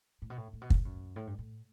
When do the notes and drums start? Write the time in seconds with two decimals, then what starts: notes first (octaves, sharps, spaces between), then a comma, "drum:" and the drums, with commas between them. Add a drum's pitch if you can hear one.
0.22 A2
0.30 B2
0.37 A2
0.53 A2
0.62 B2
0.70 A2, drum: kick
0.85 F#2
1.16 A2
1.27 G2
1.39 A2